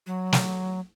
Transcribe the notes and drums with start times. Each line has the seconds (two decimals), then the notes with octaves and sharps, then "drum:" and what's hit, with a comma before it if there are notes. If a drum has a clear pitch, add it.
0.07 F#3
0.33 drum: snare